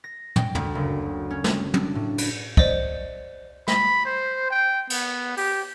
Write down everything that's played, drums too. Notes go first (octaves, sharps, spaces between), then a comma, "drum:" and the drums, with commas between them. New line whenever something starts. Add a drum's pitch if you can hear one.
A#6
G5, drum: tom
D2, drum: tom
F#1
C#4
drum: snare
D4, drum: tom
A2
B4, drum: cymbal
C5 D5 D#5, drum: kick
B5, drum: snare
C5
G5
B3, drum: cymbal
G4, drum: open hi-hat